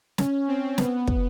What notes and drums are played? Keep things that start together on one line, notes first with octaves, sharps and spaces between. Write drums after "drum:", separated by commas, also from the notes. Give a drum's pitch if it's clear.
C#4, drum: snare
C4
B3, drum: snare
drum: kick